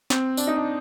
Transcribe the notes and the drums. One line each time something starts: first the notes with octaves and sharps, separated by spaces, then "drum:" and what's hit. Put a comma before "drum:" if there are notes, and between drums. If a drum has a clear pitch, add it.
C4, drum: snare
D4, drum: tambourine
D#4
D4